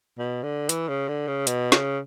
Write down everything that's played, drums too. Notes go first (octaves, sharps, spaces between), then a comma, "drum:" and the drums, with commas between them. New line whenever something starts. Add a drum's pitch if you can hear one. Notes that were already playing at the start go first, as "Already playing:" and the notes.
B2
D3
E3, drum: hi-hat
C#3
D3
C#3
B2, drum: hi-hat
C#3, drum: snare